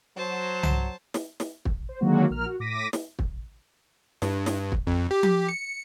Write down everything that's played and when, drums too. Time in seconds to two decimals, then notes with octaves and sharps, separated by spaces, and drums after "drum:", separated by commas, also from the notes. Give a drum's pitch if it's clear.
0.17 F#3 C5 A5
0.63 drum: tom C2
1.14 drum: snare
1.40 drum: snare
1.65 drum: kick
1.89 C5
2.00 D3 D#3 F#3 G#3 A#3 F#4
2.30 A#1 A#4 F6
2.45 F#4
2.60 A2 D6 A#6 B6 D#7
2.93 drum: snare
3.19 drum: kick
4.22 G2, drum: snare
4.46 drum: snare
4.72 drum: kick
4.87 F2
5.11 G4
5.23 drum: tom F3
5.49 C#7